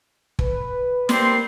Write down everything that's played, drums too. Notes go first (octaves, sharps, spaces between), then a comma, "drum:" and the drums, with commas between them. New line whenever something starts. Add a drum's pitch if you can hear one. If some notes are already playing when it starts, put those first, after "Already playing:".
B4, drum: kick
G3 A#3 C4 C6, drum: snare